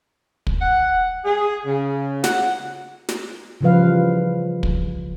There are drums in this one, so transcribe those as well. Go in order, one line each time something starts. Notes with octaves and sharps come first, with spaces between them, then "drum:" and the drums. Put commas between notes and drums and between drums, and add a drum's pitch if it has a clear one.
drum: kick
F#5
G#4
C#3
F#5, drum: snare
drum: snare
C#3 E3 F3 G3 B4 F5
drum: kick